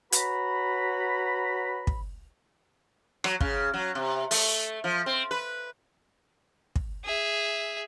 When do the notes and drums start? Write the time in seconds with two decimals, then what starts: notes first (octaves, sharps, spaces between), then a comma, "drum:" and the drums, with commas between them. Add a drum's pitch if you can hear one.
0.12 F#4 B4 C#5 A#5 B5, drum: hi-hat
1.87 drum: kick
3.24 F#3, drum: rim click
3.41 C#3, drum: kick
3.74 F#3
3.95 C3
4.31 A3, drum: open hi-hat
4.84 F3
5.06 C4
5.31 B4
6.76 drum: kick
7.05 G#4 E5